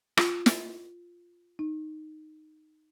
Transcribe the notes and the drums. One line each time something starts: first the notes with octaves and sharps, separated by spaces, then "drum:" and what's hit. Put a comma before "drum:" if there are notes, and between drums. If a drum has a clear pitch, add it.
F4, drum: rim click
drum: snare
D#4